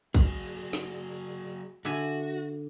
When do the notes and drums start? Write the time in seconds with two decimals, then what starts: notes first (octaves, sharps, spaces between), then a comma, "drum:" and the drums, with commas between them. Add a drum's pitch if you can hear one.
0.14 F#3 G#4, drum: kick
0.73 drum: snare
1.85 D3 F#4 E5 G#5